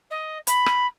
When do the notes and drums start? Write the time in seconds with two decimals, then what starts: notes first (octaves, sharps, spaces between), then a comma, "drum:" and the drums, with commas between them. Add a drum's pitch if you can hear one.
0.10 D#5
0.47 B5, drum: hi-hat
0.66 drum: rim click